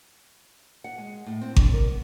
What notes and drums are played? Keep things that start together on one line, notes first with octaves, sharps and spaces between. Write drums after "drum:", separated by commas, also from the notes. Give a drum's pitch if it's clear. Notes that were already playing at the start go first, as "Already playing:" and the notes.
F#5
G#3
A2
C4
D3, drum: kick G#1
A#4
B3